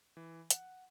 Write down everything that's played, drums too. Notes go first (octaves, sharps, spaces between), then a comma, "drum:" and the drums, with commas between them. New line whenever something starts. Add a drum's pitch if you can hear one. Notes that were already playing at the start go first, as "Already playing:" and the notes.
E3
F#5, drum: hi-hat